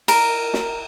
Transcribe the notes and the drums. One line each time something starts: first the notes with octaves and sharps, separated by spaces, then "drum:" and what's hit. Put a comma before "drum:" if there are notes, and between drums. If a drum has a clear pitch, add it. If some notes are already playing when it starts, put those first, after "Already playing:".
A#4, drum: cymbal
drum: snare